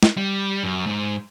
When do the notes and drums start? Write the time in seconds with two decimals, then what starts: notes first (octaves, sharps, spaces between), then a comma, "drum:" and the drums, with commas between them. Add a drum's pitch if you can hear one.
0.03 drum: snare
0.17 G3
0.64 F#2
0.87 G#2